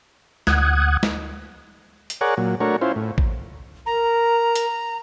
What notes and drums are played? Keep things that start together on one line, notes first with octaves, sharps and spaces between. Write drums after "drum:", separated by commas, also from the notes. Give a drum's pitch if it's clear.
D2 F#5 D#6 F#6 G#6, drum: snare
drum: snare
drum: hi-hat
G#4 A#4 C#5 D5 F#5
A#2 F#3
A3 D4 F#4 A#4 C#5
C#4 E4 F4 C5
A2
drum: kick A1
A#4 A#5
drum: hi-hat